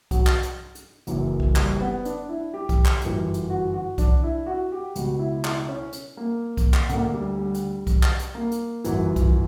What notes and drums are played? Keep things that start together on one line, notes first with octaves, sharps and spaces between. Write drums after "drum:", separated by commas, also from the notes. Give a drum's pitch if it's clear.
F#3, drum: kick B1, hi-hat
drum: clap
drum: hi-hat
drum: hi-hat
F#1 F#2 E3, drum: hi-hat
drum: kick B1
G3, drum: clap
B3
D4, drum: hi-hat
E4
G4
drum: kick B1, hi-hat
drum: clap
G1 F#2 E3, drum: hi-hat
drum: hi-hat
F#4
F#4
D4, drum: kick B1, hi-hat
E4
F#4
G4
C#2 B2 F#4, drum: hi-hat
E4
E4, drum: clap
C#4
drum: hi-hat
A#3
drum: kick B1, hi-hat
drum: clap
D2 D3 A#3, drum: hi-hat
G3
G3
drum: hi-hat
drum: kick B1, hi-hat
drum: clap
drum: hi-hat
A#3
drum: hi-hat
G1 F#2 E3, drum: hi-hat
drum: kick B1, hi-hat